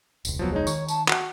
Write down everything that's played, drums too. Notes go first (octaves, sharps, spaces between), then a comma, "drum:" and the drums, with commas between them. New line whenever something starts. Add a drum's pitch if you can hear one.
E1 C#2, drum: tambourine
F3 F#3 B3
G#3 D#4 C#5
D#3 C#6, drum: tambourine
A5, drum: tambourine
F#4 F#5, drum: clap